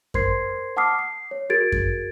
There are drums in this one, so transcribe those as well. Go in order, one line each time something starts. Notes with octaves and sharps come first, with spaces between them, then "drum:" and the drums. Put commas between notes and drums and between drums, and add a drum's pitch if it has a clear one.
A#4 C5 C6 G#6 C7, drum: kick F#2
F#5 A5 D6 D#6 F6 C7
C7
C#5
F#4 G#4 A#4 G#6 A6 D7
drum: kick F#2